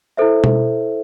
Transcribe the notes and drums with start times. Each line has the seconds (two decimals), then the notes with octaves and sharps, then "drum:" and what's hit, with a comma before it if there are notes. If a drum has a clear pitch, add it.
0.17 E4 A4 C5 E5
0.44 drum: tom B2